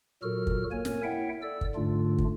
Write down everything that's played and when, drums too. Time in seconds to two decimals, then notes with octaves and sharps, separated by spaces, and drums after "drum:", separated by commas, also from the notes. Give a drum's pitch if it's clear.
0.23 A#2 F#3 F#4 A4 A#4 F6
0.47 drum: kick
0.71 A#3 A#4 C#5 G#5
0.85 drum: snare
1.03 E4 C#5 E5 F#5 G5
1.42 A4 D5 E6
1.61 drum: kick
1.75 G#2 D3 A3 D4 F4
2.18 drum: kick